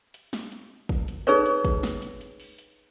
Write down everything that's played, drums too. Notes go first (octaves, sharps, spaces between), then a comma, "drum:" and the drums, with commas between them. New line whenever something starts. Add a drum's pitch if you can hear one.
drum: hi-hat
drum: snare
drum: hi-hat
drum: kick
drum: hi-hat
D#4 G#4 A4 B4 C#5 D5, drum: hi-hat
drum: hi-hat
drum: kick, hi-hat
drum: snare
drum: hi-hat
drum: hi-hat
drum: open hi-hat
drum: hi-hat